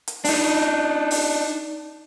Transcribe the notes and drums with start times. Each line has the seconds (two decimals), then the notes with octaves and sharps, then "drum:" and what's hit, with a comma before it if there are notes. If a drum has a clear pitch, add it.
0.08 drum: hi-hat
0.25 D4 D#4, drum: open hi-hat
1.11 drum: open hi-hat